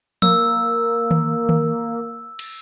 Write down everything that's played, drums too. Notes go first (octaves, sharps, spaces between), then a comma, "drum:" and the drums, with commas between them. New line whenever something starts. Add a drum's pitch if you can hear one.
A#3 E6, drum: tom F3
drum: tom D#3
drum: tom D#3
drum: cymbal